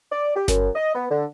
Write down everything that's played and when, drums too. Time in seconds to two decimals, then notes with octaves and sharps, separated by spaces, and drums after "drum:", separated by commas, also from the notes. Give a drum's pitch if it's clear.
0.12 D5
0.36 G4
0.48 F#2, drum: snare G1
0.75 D#5
0.95 B3
1.10 D3